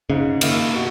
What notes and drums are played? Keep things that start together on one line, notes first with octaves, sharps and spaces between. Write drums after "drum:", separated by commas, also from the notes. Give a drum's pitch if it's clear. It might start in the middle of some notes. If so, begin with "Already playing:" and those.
G#2 C#3
D#3 A#3 E4, drum: cymbal
B2